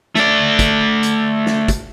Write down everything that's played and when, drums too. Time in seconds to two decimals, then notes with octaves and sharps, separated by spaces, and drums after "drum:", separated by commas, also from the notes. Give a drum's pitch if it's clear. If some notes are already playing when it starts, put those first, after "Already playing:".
0.15 A3 D5, drum: snare
0.59 drum: kick, hi-hat
1.03 drum: hi-hat
1.47 drum: snare
1.68 drum: kick, hi-hat